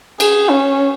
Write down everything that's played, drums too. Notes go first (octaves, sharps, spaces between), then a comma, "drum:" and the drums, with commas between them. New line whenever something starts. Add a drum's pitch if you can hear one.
G#4, drum: cymbal
C#4